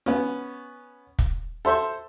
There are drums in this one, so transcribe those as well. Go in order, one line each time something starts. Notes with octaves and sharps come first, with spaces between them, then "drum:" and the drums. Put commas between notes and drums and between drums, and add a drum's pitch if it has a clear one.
B3 C#4
drum: kick
A4 C5 E5 C6